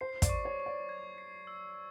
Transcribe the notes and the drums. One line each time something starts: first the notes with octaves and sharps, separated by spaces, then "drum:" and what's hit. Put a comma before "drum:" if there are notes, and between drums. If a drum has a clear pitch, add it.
C5 C7
D5, drum: kick, hi-hat
C#6
C#5
C#6
D5
G#6
C7
E6